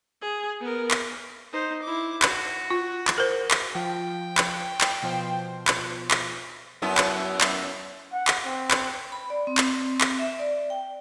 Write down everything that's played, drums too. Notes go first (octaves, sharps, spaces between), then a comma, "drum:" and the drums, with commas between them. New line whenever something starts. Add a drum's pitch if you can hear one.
G#4
B3 A#4
drum: clap
D#4 C5
E4 D6
F#4, drum: clap
F4
drum: clap
A#4 C5
drum: clap
F3 G5
drum: clap
drum: clap
B2 F3 C5
drum: clap
drum: clap
F#2 B3 E4
drum: clap
drum: clap
F#5
drum: clap
C4
drum: clap
B5
D5
C4
drum: clap
drum: clap
E5
D5
G5